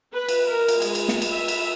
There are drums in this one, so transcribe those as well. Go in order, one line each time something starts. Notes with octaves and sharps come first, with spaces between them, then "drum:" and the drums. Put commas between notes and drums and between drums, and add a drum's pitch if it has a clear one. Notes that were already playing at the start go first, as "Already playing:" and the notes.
B4
drum: cymbal
A#4
drum: cymbal
G#3, drum: cymbal
drum: cymbal
drum: snare
drum: cymbal
E5
drum: cymbal